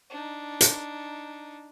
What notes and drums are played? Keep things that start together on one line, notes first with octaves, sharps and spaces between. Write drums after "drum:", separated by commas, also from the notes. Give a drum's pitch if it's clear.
D4 D#4
drum: hi-hat